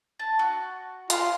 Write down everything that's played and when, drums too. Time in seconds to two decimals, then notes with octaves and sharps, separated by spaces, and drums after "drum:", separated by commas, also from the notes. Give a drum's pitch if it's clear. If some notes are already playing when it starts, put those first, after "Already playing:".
0.19 A5
0.39 F#4
1.10 F4, drum: hi-hat